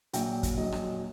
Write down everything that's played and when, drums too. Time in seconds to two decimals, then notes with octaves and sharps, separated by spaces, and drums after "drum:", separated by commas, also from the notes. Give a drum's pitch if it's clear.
0.13 A#1 A#2 F#3 G5, drum: hi-hat
0.43 drum: kick, hi-hat
0.57 A#1 A#2 F#3 D#5
0.72 drum: rim click